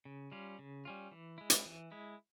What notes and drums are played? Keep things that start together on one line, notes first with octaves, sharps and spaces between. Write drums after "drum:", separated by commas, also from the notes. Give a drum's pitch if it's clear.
C#3
G3 C#4 F4
C#3
G3 C#4 F4
E3
G#3 E4
drum: hi-hat
E3
G#3 E4